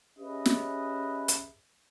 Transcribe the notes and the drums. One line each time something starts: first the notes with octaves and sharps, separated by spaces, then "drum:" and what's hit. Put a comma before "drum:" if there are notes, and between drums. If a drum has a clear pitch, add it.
C#4 G4 G#4 B4 D#5 E5
drum: snare
drum: hi-hat